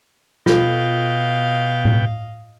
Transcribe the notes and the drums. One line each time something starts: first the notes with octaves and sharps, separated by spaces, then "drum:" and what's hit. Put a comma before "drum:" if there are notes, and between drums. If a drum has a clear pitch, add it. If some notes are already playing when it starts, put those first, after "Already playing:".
B2 F4 A4 D#5 F5 G5, drum: snare
drum: tom A2